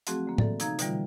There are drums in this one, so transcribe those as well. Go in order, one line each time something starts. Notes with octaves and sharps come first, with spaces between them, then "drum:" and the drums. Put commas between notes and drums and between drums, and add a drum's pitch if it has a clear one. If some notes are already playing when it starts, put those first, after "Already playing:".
F3 F#3 A3 C4 F#4 G#4, drum: hi-hat
D3 A3 A#3
E3 A4 D5, drum: tom A2
C3 D#4 F5 A#5 G#6, drum: hi-hat
B2 D3 E3 G3 F4, drum: hi-hat